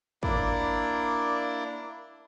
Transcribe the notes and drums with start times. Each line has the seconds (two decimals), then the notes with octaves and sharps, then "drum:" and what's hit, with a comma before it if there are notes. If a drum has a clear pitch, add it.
0.23 A#3 D4 E4 D5, drum: kick